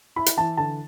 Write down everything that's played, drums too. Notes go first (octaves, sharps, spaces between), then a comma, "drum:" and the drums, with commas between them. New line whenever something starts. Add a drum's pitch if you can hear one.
E4 B5
drum: hi-hat
E3 A5
D3 A5